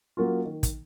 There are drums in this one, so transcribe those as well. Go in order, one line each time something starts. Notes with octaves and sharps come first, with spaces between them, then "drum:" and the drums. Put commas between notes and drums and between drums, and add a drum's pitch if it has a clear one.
F#3 A#3 C#4 F4
D#3
drum: kick, hi-hat